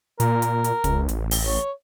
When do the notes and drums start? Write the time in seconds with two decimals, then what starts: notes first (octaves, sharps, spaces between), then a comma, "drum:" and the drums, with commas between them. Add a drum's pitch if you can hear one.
0.20 A#2 A#4, drum: hi-hat
0.42 drum: hi-hat
0.64 drum: hi-hat
0.84 C#2, drum: kick, hi-hat
1.09 A1, drum: hi-hat
1.31 drum: open hi-hat
1.47 C#5